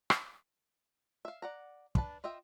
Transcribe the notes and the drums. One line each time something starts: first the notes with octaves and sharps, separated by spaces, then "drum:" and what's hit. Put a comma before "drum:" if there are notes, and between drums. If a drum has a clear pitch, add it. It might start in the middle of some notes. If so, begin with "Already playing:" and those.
drum: rim click
E5 F5
D5 F#5 A#5
D4 B4 A5, drum: kick
F4 D#5 E5 G5